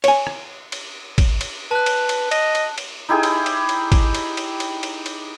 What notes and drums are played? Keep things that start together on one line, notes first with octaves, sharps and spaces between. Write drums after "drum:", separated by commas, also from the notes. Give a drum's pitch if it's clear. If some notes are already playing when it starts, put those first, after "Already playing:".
C#5 G#5, drum: cymbal
drum: rim click
drum: cymbal
drum: kick, cymbal
drum: cymbal
B4 A5 F#6
drum: cymbal
drum: cymbal
D#5, drum: cymbal
drum: cymbal
drum: cymbal
D#4 E4 G4 G#4
drum: cymbal
drum: cymbal
drum: cymbal
drum: kick, cymbal
drum: cymbal
drum: cymbal
drum: cymbal
drum: cymbal
drum: cymbal